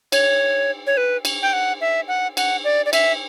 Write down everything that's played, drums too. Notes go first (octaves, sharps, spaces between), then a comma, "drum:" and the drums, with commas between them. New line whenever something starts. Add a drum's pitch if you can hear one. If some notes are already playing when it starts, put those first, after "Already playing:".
C#5, drum: cymbal
C#5
B4
drum: cymbal
G5
F#5
E5
F#5
F#5, drum: cymbal
D5
D5
E5, drum: cymbal